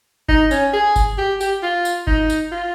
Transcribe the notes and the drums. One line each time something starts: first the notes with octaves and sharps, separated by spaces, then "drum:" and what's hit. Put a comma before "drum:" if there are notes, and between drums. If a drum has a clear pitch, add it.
D#4, drum: kick G1
C#4, drum: tambourine
G#4
drum: kick G1, tambourine
G4
G4, drum: tambourine
F4
drum: tambourine
D#4, drum: kick G1
drum: tambourine
F4